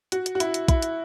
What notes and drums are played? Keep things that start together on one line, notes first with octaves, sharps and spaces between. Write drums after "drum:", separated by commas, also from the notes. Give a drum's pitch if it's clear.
F#4, drum: hi-hat
drum: hi-hat
F#4
E4, drum: hi-hat
drum: hi-hat
E4, drum: kick, hi-hat
drum: hi-hat